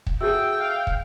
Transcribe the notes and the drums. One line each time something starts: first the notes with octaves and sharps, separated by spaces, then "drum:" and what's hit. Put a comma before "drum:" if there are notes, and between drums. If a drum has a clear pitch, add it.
drum: kick
F#4 G#4 A4 E5 G5 E6
F5
drum: kick